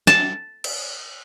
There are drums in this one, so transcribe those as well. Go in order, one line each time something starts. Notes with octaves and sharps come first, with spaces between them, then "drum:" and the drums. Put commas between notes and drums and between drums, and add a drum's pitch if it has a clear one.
A5, drum: snare
drum: cymbal